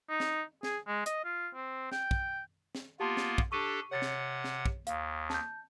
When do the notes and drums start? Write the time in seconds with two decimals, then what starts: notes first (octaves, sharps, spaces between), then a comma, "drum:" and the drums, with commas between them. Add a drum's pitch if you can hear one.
0.10 D#4
0.20 drum: snare
0.63 G#4, drum: snare
0.87 G#3
1.06 D#5, drum: hi-hat
1.24 F4
1.54 C4
1.92 G5, drum: snare
2.11 drum: kick
2.75 drum: snare
3.00 A#3 B3 F4 G4 A5 C6
3.17 drum: snare
3.38 drum: kick
3.52 D4 G4 A4 C#6 D#7
3.91 C3 C#5 F#5 A6 C#7
4.02 drum: snare
4.44 drum: snare
4.66 drum: kick
4.87 D#2 F5, drum: hi-hat
5.30 A5 G6, drum: snare